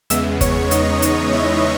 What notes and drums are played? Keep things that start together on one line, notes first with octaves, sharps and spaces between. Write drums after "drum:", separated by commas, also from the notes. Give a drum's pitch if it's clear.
E2 C#3 G#3 B3 E5 E6, drum: hi-hat
C#5 C#6, drum: kick, hi-hat
D#4 D#5, drum: hi-hat
drum: hi-hat
E4 E5